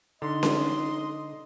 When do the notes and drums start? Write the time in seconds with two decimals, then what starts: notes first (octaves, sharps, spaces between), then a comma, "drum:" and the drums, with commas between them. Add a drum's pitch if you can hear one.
0.22 D3 D#4 D#5 C6
0.43 drum: snare C#4